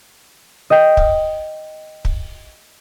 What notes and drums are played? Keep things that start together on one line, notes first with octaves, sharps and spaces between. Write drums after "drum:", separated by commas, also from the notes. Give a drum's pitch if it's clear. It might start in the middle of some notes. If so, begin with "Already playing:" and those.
D#5 G5
drum: kick
drum: kick